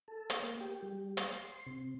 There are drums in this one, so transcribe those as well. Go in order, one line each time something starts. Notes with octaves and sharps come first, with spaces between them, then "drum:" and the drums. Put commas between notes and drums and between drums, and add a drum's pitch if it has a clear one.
A4
drum: hi-hat
A#3
G4
G3
drum: hi-hat
C6
C3